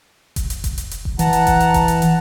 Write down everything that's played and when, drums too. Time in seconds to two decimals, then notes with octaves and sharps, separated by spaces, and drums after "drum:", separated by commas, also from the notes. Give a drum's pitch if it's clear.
0.36 drum: kick F1, hi-hat
0.50 drum: hi-hat
0.64 drum: kick F1, hi-hat
0.78 drum: hi-hat
0.91 drum: hi-hat
1.05 drum: kick F1
1.19 E3 F#5 A5 A#5, drum: hi-hat
1.33 drum: hi-hat
1.47 drum: kick F1, hi-hat
1.60 drum: hi-hat
1.74 drum: kick F1, hi-hat
1.88 drum: hi-hat
2.02 drum: hi-hat